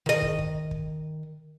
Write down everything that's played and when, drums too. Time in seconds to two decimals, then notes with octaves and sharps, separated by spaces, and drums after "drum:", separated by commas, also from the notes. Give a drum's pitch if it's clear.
0.06 D#3 D#5
0.22 drum: kick
0.39 drum: kick
0.71 drum: kick